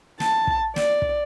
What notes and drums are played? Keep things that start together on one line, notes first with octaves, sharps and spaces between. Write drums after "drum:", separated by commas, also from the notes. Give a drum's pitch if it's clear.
A5, drum: snare
drum: kick
D5, drum: snare
drum: kick